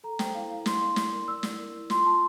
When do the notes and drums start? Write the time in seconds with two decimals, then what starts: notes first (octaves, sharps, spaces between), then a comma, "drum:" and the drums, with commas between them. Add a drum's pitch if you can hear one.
0.04 A4 A#5
0.19 C5 G5, drum: snare
0.35 E4 F5
0.50 E4 F5
0.66 E4 C6, drum: snare
0.82 D5
0.96 E4, drum: snare
1.12 A#4
1.28 D5 E6
1.43 E4, drum: snare
1.59 A#4
1.75 E4
1.90 F4 C6, drum: snare
2.06 F4 A5